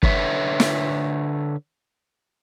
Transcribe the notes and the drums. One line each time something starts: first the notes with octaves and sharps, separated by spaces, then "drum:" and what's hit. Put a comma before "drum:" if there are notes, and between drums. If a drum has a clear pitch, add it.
D3 B4 C#5 E5, drum: kick
drum: snare